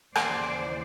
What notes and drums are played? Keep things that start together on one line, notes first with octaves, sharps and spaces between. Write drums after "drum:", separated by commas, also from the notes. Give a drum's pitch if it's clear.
D#2 C#3 E3 C5 D5, drum: rim click